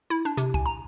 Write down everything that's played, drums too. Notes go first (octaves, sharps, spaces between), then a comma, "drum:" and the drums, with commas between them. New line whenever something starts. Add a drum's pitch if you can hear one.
E4
D4
C3, drum: hi-hat
G#5, drum: kick C2
A#5